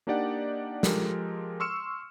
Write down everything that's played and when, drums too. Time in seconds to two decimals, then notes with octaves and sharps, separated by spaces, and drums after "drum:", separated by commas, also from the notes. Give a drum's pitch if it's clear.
0.07 A#3 D4 D#4 G4 D5 F#5
0.83 F3 G#3 G4 A4 A#4, drum: snare
1.60 C6 C#6 E6 F6 C#7 E7